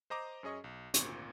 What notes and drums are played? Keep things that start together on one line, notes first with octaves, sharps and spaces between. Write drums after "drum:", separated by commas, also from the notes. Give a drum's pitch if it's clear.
C5 D#5 A#5 D6
F#2 C#4 G#4 D#5 C#6
B1
G#1 D2 A#2 C4 C#6, drum: hi-hat